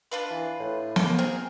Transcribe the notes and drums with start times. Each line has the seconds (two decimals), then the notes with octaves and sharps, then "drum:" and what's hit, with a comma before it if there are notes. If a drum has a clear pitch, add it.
0.11 D4 F4 B4
0.31 E3
0.60 A2
0.96 A#3, drum: snare
1.18 C4 G#4 A#4